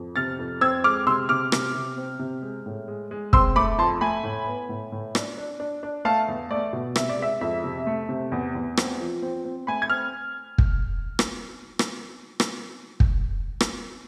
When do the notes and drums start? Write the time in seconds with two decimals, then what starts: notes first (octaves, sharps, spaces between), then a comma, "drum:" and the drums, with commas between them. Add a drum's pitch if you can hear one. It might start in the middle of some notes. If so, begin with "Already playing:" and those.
Already playing: F2
0.16 C3 F6 A6
0.39 F2
0.61 C4 E6 G#6
0.84 G#3 D6 F6
1.07 C3 C6 E6
1.29 C3 D6 F6
1.52 C3, drum: rim click
1.75 C3
1.97 C4
2.19 C3
2.42 G#3
2.66 A2
2.88 G#3
3.11 G#3
3.33 C4 C6 E6, drum: kick
3.56 A3 B5 D6
3.78 F2 A5 C6
4.01 A3 G#5 B5
4.23 A2
4.47 B3
4.69 A2
4.92 A2
5.15 D4, drum: rim click
5.38 D4
5.60 D4
5.83 D4
6.05 A3 F5 A5
6.28 E2
6.51 A3 D5
6.73 B2
6.96 C3 E5, drum: rim click
7.09 D5
7.18 G#3 E5
7.41 F2 E5
7.64 C3
7.87 A3
8.09 C3
8.32 E2
8.55 E2
8.77 C4, drum: rim click
9.00 F3
9.22 C4
9.45 C4
9.67 A3 G#5 B5
9.82 G#6
9.90 C4 F6
10.58 drum: kick
11.19 drum: rim click
11.79 drum: rim click
12.40 drum: rim click
13.00 drum: kick
13.60 drum: rim click